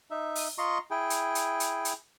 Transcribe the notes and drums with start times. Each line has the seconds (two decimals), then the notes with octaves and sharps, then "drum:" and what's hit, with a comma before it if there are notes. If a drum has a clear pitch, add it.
0.11 D#4 E5
0.35 drum: open hi-hat
0.58 F4 D#5 A#5 C6 C#6
0.91 E4 G#4 G5
1.10 drum: hi-hat
1.35 drum: hi-hat
1.60 drum: hi-hat
1.85 drum: hi-hat